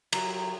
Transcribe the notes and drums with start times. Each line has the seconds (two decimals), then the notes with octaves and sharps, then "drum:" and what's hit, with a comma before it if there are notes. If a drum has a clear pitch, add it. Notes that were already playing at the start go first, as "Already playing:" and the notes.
0.13 F#3, drum: cymbal